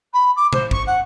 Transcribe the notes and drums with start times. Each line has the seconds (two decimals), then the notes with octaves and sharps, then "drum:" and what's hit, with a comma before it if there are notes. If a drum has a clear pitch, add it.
0.13 B5
0.36 D6
0.53 C5, drum: tom B2
0.71 C#6, drum: kick
0.86 F#5